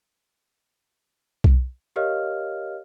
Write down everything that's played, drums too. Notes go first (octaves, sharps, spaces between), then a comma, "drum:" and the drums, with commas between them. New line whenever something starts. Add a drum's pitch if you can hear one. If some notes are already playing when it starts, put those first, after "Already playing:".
drum: kick B1
G4 A#4 C#5 D#5 F5 F6